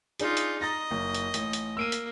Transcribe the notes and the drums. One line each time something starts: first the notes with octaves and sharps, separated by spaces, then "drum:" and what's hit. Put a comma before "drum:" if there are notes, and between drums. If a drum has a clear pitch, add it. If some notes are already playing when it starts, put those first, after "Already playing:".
D4 D#4 F4 G#4, drum: hi-hat
drum: hi-hat
D#5 A#5 A6 A#6
F#1
drum: hi-hat
A1, drum: hi-hat
drum: hi-hat
A#3 E6 D7 D#7
drum: hi-hat